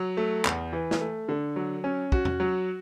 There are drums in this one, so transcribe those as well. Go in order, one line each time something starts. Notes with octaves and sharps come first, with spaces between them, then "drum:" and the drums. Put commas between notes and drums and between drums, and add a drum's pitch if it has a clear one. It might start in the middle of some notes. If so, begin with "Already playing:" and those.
Already playing: F#3
A3
E2, drum: clap
E3
drum: snare
A3
D3
F#3
C#4
F#4, drum: kick
drum: tom E2
F#3